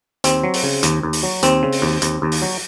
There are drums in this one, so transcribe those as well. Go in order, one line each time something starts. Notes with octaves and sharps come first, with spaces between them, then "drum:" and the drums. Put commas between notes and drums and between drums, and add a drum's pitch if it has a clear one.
D#2 C4, drum: hi-hat
F#3
drum: open hi-hat
C#3
D#2, drum: hi-hat
D#2
drum: open hi-hat
F#3
D#2 C4, drum: hi-hat
C#3
drum: open hi-hat
D#2
D#2, drum: hi-hat
D#2
drum: open hi-hat
F#3